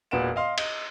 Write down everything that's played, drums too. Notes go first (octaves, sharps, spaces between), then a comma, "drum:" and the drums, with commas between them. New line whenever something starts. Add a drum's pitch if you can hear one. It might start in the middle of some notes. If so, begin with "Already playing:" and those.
E1 A#2 B4 F#5 D7 E7
D#5 F5 C6
D#5, drum: cymbal